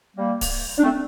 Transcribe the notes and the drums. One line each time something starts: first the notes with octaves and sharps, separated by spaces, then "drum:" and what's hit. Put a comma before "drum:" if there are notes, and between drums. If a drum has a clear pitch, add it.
G3 A#3
drum: kick D1, open hi-hat
D4
A3 C4